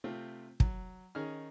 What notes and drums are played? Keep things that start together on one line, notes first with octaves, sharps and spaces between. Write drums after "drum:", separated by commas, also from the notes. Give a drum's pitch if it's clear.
C3 A3 C4 F4
F#3, drum: kick
D#3 C#4 D#4 G#4 F6